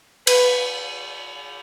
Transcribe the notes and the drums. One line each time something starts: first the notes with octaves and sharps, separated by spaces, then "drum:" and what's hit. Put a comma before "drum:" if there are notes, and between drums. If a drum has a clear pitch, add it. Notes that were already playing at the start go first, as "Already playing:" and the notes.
B4, drum: cymbal